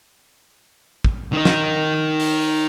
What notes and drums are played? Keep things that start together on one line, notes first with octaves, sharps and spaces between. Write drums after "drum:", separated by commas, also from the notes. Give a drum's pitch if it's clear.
drum: kick
D#3 D#4
drum: snare
drum: open hi-hat